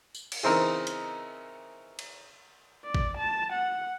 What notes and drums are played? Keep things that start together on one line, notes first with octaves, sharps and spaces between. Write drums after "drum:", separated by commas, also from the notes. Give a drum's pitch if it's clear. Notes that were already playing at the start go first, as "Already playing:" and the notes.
drum: tambourine
drum: cymbal
C#3 E3 C4 D#4 A#4
drum: hi-hat
drum: cymbal
D5
drum: kick A1
A5
F#5